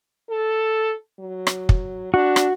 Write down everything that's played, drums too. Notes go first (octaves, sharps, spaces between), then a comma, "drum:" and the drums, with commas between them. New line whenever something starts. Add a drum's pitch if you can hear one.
A4
F#3
drum: rim click
drum: kick
D4 F#4
drum: rim click